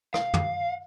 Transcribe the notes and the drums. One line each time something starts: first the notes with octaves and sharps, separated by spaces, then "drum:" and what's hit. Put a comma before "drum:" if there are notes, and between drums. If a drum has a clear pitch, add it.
F5, drum: rim click
drum: tom